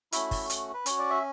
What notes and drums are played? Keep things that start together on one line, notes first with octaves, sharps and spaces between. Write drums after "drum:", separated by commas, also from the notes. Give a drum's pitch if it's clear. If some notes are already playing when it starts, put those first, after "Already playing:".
A3 C#4 E4 F#4 E5, drum: hi-hat
drum: kick, open hi-hat
drum: hi-hat
B4
C#4 F#4 C#5, drum: hi-hat
D5
E5